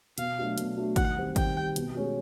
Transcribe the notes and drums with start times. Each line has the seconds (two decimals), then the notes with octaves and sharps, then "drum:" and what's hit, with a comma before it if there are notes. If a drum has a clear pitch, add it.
0.18 B2 F5, drum: hi-hat
0.38 F#3 A3 D4 F#4
0.58 B2, drum: hi-hat
0.77 F#3 A3 D4 F#4
0.96 D#3 F#5, drum: kick G#1, hi-hat
1.16 G3 C4
1.36 D#3 G5, drum: kick G#1, hi-hat
1.56 G3 C4
1.76 B2, drum: hi-hat
1.95 G#3 C#4 F#4